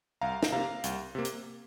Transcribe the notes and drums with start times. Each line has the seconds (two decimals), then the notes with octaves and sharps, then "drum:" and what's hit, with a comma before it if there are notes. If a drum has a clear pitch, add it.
0.21 C2 F5 A#5
0.43 drum: snare
0.52 C3 A#3 F5 A#5
0.84 C2, drum: hi-hat
1.15 C3 A#3
1.25 drum: hi-hat